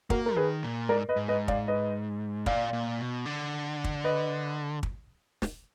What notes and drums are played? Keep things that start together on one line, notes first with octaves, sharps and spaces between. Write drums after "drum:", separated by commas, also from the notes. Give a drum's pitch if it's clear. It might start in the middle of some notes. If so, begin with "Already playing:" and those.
A#3 F#4 A#4, drum: kick
A#4
D#3 G#4 B4
A#2
G#2 A#4 D5
B4 D#5
G#2
B4 D#5
D5 F5, drum: kick
B4 D#5
A#2 D5 F5, drum: kick
A#2
B2
D3
drum: kick
B4 D#5
drum: kick
drum: snare